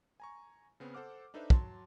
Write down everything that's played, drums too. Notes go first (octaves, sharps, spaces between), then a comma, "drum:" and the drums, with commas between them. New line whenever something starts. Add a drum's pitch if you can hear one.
G#5 A#5 C#6
C#3 B3 C4
A4 C5 F#5 D6 F6
D4 D#4 A4 B4 C5 E5
F#3 A5 C6, drum: kick